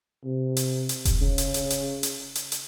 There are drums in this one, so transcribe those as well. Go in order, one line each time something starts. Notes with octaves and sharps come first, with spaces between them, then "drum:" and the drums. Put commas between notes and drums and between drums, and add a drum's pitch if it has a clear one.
C3
drum: hi-hat
drum: hi-hat
drum: kick E1, hi-hat
C#3
drum: hi-hat
drum: hi-hat
drum: hi-hat
drum: hi-hat
drum: hi-hat
drum: hi-hat